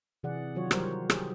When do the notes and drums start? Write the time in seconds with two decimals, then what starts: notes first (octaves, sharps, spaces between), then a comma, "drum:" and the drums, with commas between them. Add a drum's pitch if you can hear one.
0.23 C3 E3 G#4 D5 F#5
0.55 D#3 F#3 F4 F#4 C#5
0.71 F#3 G3 G4 A#4 C5, drum: rim click
1.10 G4 G#4, drum: rim click